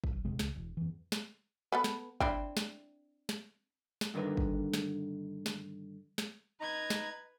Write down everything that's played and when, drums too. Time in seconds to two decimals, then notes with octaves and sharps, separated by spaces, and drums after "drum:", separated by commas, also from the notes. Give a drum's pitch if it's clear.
0.04 drum: kick
0.13 B1
0.25 D#1 F2 C3 G#3
0.39 C#2, drum: snare
0.56 E1
0.77 F2 E3
1.12 drum: snare
1.72 B3 A4 B4
1.84 drum: snare
2.20 C4 D4 E4, drum: kick
2.57 drum: snare
3.29 drum: snare
4.01 drum: snare
4.14 G2 D3 D#3 A#4 B4
4.37 drum: kick
4.74 drum: snare
5.46 drum: snare
6.18 drum: snare
6.60 D#4 B4 A#5 G#6
6.90 drum: snare